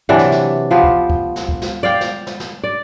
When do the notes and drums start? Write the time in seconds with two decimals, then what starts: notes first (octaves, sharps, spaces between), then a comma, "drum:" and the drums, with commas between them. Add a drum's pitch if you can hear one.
0.09 C3 E3 F#3 D4
0.19 drum: snare
0.32 drum: snare
0.71 F3 B3 F4 G4
0.84 drum: kick C#2
1.10 drum: kick C#2
1.36 drum: snare
1.49 drum: kick C#2
1.62 drum: snare
1.83 D5 F5 G5
2.01 drum: snare
2.27 drum: snare
2.40 drum: snare
2.64 D5